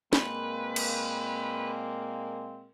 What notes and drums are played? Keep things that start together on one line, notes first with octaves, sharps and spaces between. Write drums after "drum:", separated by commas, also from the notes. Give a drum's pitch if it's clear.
A#2 G#3 A#3 C4 B4, drum: snare
drum: cymbal